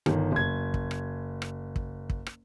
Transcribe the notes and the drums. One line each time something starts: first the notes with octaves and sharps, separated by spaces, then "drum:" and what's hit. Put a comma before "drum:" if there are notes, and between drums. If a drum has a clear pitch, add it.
G1 D#3, drum: rim click
F#1 G#6
drum: kick
drum: rim click
drum: rim click
drum: kick
drum: kick
drum: rim click